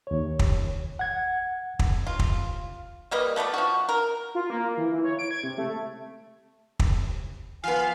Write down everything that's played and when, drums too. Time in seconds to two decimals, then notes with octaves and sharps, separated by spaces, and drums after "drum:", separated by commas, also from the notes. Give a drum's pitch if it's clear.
0.07 D#2 C#5
0.39 drum: kick
0.99 F#5 G#6
1.79 drum: kick
2.06 F4
2.19 drum: kick
3.11 G3 A#3 B4 D#5
3.36 F3 A3 B3 D5
3.54 F3 F#4
3.89 A#4
4.35 F4
4.50 A#3
4.77 E3
4.92 E3
5.04 C#5
5.19 D7
5.31 G#6
5.43 C3
5.58 A3
6.79 drum: kick
7.64 F3 B3 F5 G#5